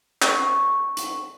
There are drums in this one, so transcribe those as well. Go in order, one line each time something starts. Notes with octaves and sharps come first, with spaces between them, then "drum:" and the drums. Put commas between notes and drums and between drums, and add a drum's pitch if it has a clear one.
C#6, drum: clap
drum: hi-hat